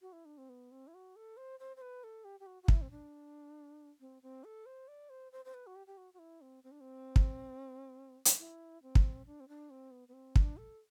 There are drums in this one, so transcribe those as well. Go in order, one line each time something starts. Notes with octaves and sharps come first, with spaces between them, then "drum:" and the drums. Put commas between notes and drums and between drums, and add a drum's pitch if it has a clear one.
F#4
E4
D4
C4
B3
C4
E4
F#4
A4
C5
C5
C5
B4
A4
G4
G4
F#4
F#4
E4, drum: kick
C4
D4
C4
C4
A4
C5
D5
C5
C5
C5
B4
F#4
G4
G4
F#4
F#4
E4
C4
C4
D4
C4
drum: kick
drum: hi-hat
E4
C4
drum: kick
D4
C4
D4
C4
B3
B3
C4
D4, drum: kick
A4